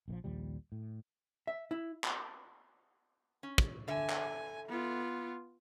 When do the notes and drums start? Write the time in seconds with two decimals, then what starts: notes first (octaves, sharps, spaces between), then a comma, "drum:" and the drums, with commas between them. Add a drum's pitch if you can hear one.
0.08 A#1 D#3 F3
0.24 A#1 D#2 F3 G3
0.72 A2
1.47 E5
1.71 E4
2.04 drum: clap
3.43 C#4
3.58 drum: kick
3.88 D3 E5 G#5
4.10 drum: clap
4.67 B3 F4